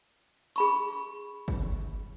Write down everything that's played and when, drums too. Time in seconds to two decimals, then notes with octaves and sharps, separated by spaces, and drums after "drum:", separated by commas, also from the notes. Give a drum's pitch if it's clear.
0.56 G#4 B5 C#6, drum: hi-hat
1.48 drum: kick